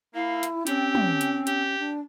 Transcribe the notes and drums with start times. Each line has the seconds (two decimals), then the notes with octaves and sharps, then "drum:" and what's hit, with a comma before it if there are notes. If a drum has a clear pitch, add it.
0.14 A#3 E4 F5
0.43 drum: hi-hat
0.67 C4 C#4 G4, drum: hi-hat
0.95 drum: tom
1.21 drum: hi-hat
1.47 G4, drum: hi-hat
1.78 D4